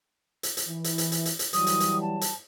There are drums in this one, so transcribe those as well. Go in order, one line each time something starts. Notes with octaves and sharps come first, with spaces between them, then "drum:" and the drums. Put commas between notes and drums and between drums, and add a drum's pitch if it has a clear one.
drum: hi-hat
drum: hi-hat
E3
drum: hi-hat
drum: hi-hat
drum: hi-hat
drum: hi-hat
drum: hi-hat
E3 F#3 G3 D#6, drum: hi-hat
drum: hi-hat
drum: hi-hat
A5
drum: hi-hat